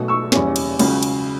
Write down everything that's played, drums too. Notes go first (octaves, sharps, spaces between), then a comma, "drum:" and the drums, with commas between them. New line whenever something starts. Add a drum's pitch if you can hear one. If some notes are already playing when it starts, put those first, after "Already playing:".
Already playing: B1 B2 A3
C#6 E6
F#1 E2 C#3 G3 C#4, drum: snare
drum: cymbal
C#2 C#3 F#3 C#4, drum: cymbal
drum: cymbal